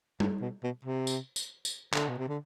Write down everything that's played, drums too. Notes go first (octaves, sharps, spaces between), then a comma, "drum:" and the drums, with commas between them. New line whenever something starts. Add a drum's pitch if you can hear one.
G2, drum: tom G3
B2
B2
C3
drum: tambourine
drum: tambourine
drum: tambourine
D3, drum: clap
B2
C3
D3